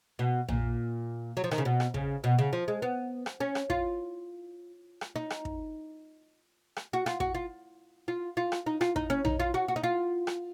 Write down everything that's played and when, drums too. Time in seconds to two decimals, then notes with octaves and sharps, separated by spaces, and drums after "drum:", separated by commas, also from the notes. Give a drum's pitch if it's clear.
0.19 B2
0.49 A#2, drum: tom A#1
1.37 F#3
1.44 F3
1.51 D#3, drum: rim click
1.58 C#3
1.65 B2
1.80 drum: rim click
1.94 C#3, drum: kick
2.24 B2
2.39 C#3
2.53 F3
2.68 G#3
2.82 B3
3.26 drum: rim click
3.40 C#4
3.55 drum: rim click
3.70 F4, drum: kick
5.01 drum: rim click
5.16 D#4
5.30 drum: rim click
5.45 drum: kick
6.76 drum: rim click
6.93 F#4
7.06 F4, drum: rim click
7.20 F#4, drum: kick
7.35 F4
8.08 F4
8.37 F4
8.52 drum: rim click
8.66 D#4
8.81 F4, drum: rim click
8.96 D#4, drum: kick
9.10 C#4
9.25 D#4, drum: tom A#1
9.40 F4
9.54 F#4
9.68 F#4
9.76 D#4
9.83 F4
10.27 drum: rim click